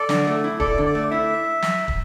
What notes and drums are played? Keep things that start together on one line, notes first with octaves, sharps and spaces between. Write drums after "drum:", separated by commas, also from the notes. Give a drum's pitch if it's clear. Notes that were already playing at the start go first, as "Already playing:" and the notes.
Already playing: A4 D5
D3, drum: snare
A3
E4
A4 D5, drum: kick
D3
D5
A3
E4 E5
drum: snare
drum: kick